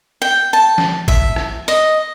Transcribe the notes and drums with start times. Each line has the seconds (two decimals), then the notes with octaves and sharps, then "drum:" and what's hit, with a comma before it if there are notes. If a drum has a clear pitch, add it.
0.22 G5
0.53 A5
0.78 drum: snare
1.08 E5, drum: kick
1.36 drum: rim click
1.68 D#5, drum: hi-hat